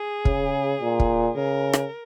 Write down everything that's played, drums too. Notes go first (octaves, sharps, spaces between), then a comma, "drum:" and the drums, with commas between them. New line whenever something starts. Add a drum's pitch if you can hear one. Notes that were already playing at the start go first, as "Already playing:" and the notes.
Already playing: G#4
C#3, drum: kick
A#2
drum: kick
C#3 A#4
drum: rim click